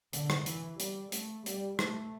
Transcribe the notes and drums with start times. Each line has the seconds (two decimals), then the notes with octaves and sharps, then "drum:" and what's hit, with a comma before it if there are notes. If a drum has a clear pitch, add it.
0.13 D3, drum: hi-hat
0.30 drum: rim click
0.46 E3, drum: hi-hat
0.80 G3, drum: hi-hat
1.12 A3, drum: hi-hat
1.46 G3, drum: hi-hat
1.79 A3, drum: rim click